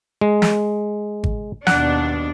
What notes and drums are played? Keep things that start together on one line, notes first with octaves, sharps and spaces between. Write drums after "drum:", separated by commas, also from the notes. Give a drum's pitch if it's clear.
G#3
drum: snare
drum: kick G#1
D#2 B2 D4 F#5, drum: snare